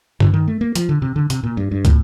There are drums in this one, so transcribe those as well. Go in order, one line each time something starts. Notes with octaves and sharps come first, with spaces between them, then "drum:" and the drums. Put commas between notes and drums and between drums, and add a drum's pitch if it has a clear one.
D3, drum: tom G2
D#3
A3
A#3
F3, drum: hi-hat
D3
C3
D3
C3, drum: hi-hat
A#2
G2
G2
A2, drum: kick, hi-hat